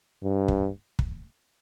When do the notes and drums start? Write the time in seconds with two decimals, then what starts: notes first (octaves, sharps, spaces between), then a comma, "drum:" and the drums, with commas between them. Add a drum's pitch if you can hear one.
0.23 G2
0.48 drum: kick
0.99 drum: kick